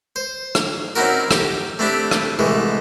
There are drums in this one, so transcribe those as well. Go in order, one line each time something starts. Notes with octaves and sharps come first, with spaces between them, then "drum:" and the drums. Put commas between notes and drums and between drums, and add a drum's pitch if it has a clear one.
C5
drum: rim click
C4 C#4 D#4 E4 F#4 A#4
G4, drum: rim click
A3 C4 D4 E4 G4
drum: rim click
C2 E3 G#3 A3